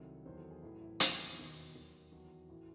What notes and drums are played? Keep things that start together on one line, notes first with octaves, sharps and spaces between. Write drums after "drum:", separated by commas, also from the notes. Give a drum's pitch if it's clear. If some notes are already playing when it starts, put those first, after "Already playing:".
Already playing: C2 C3 D#3 F#3 A4
E2 D#3 F#3 C5
A4
G#4
A1 A2 F#3 E4
E4
E2 C3 D#3 F#3, drum: hi-hat
E1 D#2 D#3 F#4
D#2 D#3 F#3
E2 D#3 F#3 F#4
A1 A2 E3